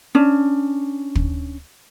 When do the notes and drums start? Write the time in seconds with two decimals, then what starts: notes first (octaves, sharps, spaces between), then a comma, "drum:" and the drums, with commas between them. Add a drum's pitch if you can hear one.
0.15 C#4 D4
1.15 drum: kick